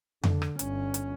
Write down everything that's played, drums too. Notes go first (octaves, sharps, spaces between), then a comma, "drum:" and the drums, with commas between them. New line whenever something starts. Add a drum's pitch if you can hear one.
D3, drum: tom F2
drum: rim click
G1 C#4, drum: hi-hat
drum: hi-hat